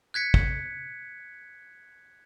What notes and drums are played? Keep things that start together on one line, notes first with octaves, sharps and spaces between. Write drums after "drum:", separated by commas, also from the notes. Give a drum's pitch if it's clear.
F#6 G#6 B6 C#7
drum: kick